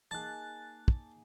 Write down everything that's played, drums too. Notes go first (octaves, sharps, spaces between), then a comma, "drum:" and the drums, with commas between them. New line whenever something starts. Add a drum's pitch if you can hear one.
A#3 D#4 G#4 A5 F#6 A6
drum: kick